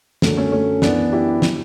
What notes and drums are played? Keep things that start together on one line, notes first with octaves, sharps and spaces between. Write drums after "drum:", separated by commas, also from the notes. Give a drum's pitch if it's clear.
F#2 D3 F#3 A3, drum: snare
A3 C#4
A3 C#4
F#2 E3 B3 D4, drum: snare
E4 G4
D3 F#3, drum: snare